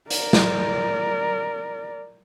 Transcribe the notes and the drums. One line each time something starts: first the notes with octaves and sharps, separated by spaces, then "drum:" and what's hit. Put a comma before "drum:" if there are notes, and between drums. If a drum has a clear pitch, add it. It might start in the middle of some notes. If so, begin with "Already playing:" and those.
A#4 D5, drum: hi-hat
drum: snare